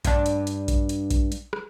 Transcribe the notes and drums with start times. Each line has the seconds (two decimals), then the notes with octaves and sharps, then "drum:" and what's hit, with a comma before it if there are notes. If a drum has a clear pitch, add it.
0.05 G2 D4, drum: kick A#1, hi-hat
0.26 drum: hi-hat
0.47 drum: hi-hat
0.68 drum: kick A#1, hi-hat
0.89 drum: hi-hat
1.10 drum: kick A#1, hi-hat
1.32 drum: hi-hat
1.53 drum: rim click